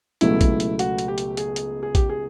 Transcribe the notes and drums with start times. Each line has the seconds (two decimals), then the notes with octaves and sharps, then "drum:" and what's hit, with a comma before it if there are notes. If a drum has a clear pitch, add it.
0.21 C#2 B2 F#3 A3 E4, drum: hi-hat
0.41 drum: kick A1, hi-hat
0.60 drum: hi-hat
0.79 F#4, drum: hi-hat
0.98 drum: hi-hat
1.08 G4
1.18 drum: hi-hat
1.37 G#4, drum: hi-hat
1.56 drum: hi-hat
1.83 G#4
1.95 G4, drum: kick A1, hi-hat
2.10 G#4